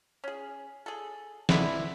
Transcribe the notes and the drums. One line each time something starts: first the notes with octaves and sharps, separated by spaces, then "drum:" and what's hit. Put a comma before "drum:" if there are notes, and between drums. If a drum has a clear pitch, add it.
C#4 G#4
G#4 A4
G#3 B3 D4 E4, drum: snare